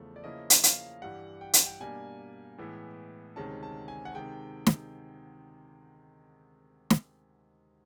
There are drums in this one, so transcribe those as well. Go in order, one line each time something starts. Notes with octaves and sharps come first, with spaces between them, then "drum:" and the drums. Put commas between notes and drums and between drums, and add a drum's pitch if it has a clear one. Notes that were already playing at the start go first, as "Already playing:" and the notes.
Already playing: E2 C#3 F3 A3
D5
C#3 F3 A#3 C#4 E4 D#5
drum: hi-hat
F5, drum: hi-hat
G2 E3 G3 F#5
G5
F#5, drum: hi-hat
G5
B2 G3 A#3 D4 G#5
A2 E3 G#3 B3
D2 C3 D#3 G#3 C#4 A5
A5
G#5
F#5
C3 D#3 G#3 G5
drum: snare
drum: snare